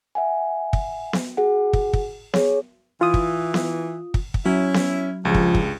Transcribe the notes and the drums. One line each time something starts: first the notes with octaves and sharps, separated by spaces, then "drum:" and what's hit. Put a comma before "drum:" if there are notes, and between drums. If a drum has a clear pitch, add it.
E5 F#5 G#5
drum: kick
drum: snare B3
F#4 G#4 F#5
drum: kick
drum: kick
G#4 C#5, drum: snare B3
E3 F4 D#6
drum: kick
drum: snare B3
drum: kick
drum: kick
F#3 C#4 E4
drum: snare B3
C#2 G2 F3 G#4
drum: kick
drum: kick